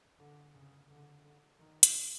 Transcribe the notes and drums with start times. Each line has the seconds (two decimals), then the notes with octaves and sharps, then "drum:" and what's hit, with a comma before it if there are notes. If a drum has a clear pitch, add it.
0.19 D3
0.55 C#3
0.90 D3
1.24 D3
1.60 D#3
1.83 drum: hi-hat